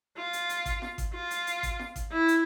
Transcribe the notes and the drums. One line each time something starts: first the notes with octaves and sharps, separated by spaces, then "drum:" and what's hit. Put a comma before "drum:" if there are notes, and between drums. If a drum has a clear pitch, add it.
F4
drum: hi-hat
drum: hi-hat
drum: kick G#1, hi-hat
drum: snare
drum: kick G#1, hi-hat
F4
drum: hi-hat
drum: hi-hat
drum: kick G#1, hi-hat
drum: snare
drum: kick G#1, hi-hat
E4
drum: hi-hat